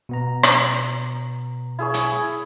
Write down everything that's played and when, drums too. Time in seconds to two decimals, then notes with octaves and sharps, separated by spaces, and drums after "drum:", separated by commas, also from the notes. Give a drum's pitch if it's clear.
0.09 B2 B3 A#5
0.43 drum: rim click
1.79 E4 G#4 C#5
1.94 drum: hi-hat